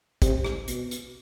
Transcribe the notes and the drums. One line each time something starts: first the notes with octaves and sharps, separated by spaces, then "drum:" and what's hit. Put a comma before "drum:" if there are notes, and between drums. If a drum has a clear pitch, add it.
C3, drum: kick, hi-hat
drum: rim click
B2, drum: hi-hat
drum: hi-hat